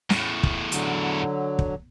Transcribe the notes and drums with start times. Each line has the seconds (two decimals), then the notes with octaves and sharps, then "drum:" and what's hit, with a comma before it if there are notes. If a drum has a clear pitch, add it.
0.10 E2 A2, drum: snare
0.43 drum: kick
0.72 D3 F#3, drum: hi-hat
1.59 drum: kick